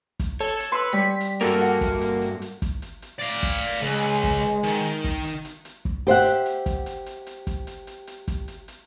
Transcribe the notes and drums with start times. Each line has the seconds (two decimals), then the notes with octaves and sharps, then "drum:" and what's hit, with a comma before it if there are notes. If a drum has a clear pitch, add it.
0.20 drum: kick, hi-hat
0.40 A4 C#5
0.60 drum: hi-hat
0.72 B4 C6 E6
0.93 G3 B6
1.21 drum: hi-hat
1.41 G2 A#3 F#4 A4 A#4, drum: hi-hat
1.61 F#5, drum: hi-hat
1.81 drum: kick, hi-hat
2.01 drum: hi-hat
2.22 drum: hi-hat
2.42 drum: hi-hat
2.62 drum: kick, hi-hat
2.82 drum: hi-hat
3.02 drum: hi-hat
3.19 D5 F5
3.43 drum: kick, hi-hat
3.82 C#2 G#3
4.03 drum: hi-hat
4.24 drum: kick
4.44 drum: hi-hat
4.63 D#3, drum: hi-hat
4.84 drum: hi-hat
5.04 drum: kick, hi-hat
5.25 drum: hi-hat
5.45 drum: hi-hat
5.65 drum: hi-hat
5.85 drum: kick
6.07 G4 C5 E5 F#5
6.26 drum: hi-hat
6.46 drum: hi-hat
6.66 drum: kick, hi-hat
6.86 drum: hi-hat
7.06 drum: hi-hat
7.27 drum: hi-hat
7.47 drum: kick, hi-hat
7.67 drum: hi-hat
7.87 drum: hi-hat
8.07 drum: hi-hat
8.28 drum: kick, hi-hat
8.48 drum: hi-hat
8.68 drum: hi-hat